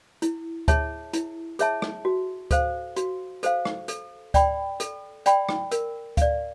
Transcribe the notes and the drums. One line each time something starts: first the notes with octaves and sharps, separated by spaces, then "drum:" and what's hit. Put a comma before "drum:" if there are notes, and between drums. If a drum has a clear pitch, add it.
E4, drum: hi-hat
G#4 C#5 E5 A5, drum: kick D2, hi-hat
E4, drum: hi-hat
G#4 C#5 E5 A5, drum: hi-hat
drum: rim click
F#4
A4 C5 F5, drum: kick D2, hi-hat
F#4, drum: hi-hat
A4 C5 F5, drum: hi-hat
drum: rim click
A4, drum: hi-hat
D5 G5 B5, drum: kick D2, hi-hat
A4, drum: hi-hat
D5 G5 B5, drum: hi-hat
drum: rim click
A#4, drum: hi-hat
D5 F5, drum: kick D2, hi-hat